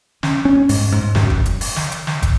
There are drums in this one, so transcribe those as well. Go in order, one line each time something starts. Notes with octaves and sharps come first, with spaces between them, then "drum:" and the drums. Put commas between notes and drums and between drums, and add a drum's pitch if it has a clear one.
C#4, drum: snare
C#4
G#2, drum: open hi-hat
G#2
F#2, drum: snare
drum: kick
drum: hi-hat
drum: open hi-hat
drum: snare
drum: hi-hat
drum: snare
drum: kick, hi-hat